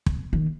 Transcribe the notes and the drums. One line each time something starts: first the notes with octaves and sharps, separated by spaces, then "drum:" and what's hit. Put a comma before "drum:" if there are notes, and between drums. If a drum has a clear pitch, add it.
drum: kick
D#3